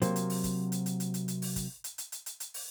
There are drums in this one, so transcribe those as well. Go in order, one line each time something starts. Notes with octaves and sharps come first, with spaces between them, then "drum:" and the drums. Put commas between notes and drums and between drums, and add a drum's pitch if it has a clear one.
C3 F#3 A#3 F#4 C5, drum: hi-hat
drum: hi-hat
drum: open hi-hat
drum: kick, hi-hat
drum: hi-hat
drum: hi-hat
drum: hi-hat
drum: hi-hat
drum: hi-hat
drum: open hi-hat
drum: kick, hi-hat
drum: hi-hat
drum: hi-hat
drum: hi-hat
drum: hi-hat
drum: hi-hat
drum: open hi-hat